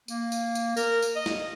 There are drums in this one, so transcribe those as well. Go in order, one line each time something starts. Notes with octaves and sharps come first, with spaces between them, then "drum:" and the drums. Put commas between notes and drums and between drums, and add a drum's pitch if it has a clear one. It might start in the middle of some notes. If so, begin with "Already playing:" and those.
A#3, drum: tambourine
drum: tambourine
drum: tambourine
A#4, drum: tambourine
drum: tambourine
D#5
drum: snare